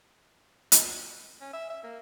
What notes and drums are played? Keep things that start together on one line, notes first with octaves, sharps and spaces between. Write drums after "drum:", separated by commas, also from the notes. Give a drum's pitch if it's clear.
drum: hi-hat
C#4
E5
E5
A#3